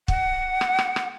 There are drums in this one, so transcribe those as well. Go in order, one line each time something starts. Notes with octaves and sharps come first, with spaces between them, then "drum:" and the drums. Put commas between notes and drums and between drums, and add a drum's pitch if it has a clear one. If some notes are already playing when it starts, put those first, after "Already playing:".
F#5, drum: kick
drum: rim click
drum: rim click
drum: rim click